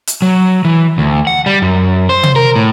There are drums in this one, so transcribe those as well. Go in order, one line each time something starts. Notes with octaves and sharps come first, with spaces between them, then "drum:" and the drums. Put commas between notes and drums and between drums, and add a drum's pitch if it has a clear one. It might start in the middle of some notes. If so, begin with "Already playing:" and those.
drum: hi-hat
F#3
E3
D2
F#5
G3
F#2
C5
drum: tom
A#4
A2